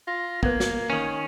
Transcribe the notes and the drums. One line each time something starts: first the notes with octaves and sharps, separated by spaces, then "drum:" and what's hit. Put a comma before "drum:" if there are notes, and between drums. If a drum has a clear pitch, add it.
F4 A#6
A#3 B3 B4 G#6, drum: kick
drum: snare
D#3 C#4